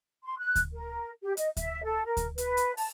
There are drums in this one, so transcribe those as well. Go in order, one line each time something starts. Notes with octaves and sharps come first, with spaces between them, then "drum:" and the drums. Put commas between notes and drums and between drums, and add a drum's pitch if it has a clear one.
C6
F#6
drum: kick D2, hi-hat
A#4
G4
D#5, drum: hi-hat
E5, drum: kick D2, hi-hat
A4
A#4
drum: kick D2, hi-hat
B4, drum: hi-hat
drum: hi-hat
A5, drum: open hi-hat